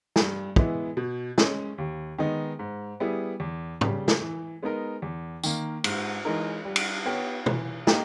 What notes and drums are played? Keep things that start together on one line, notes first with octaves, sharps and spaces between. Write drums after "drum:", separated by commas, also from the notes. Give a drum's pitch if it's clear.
G2, drum: snare
E3 G#3 B3 E4, drum: kick
B2
G#3 C#4, drum: snare
D#2
D#3 G#3 B3 D#4
G#2
G3 B3 E4 G#4
E2
C#3 G3, drum: tom G#2
drum: snare
E3
G#3 B3 D#4 A#4
E2
D#3 A#3, drum: tambourine
G#2, drum: cymbal
E3 G#3 D#4 A#4
G3
drum: cymbal
B3 G4 C#5
E3, drum: tom
A#3 D#4 G4, drum: snare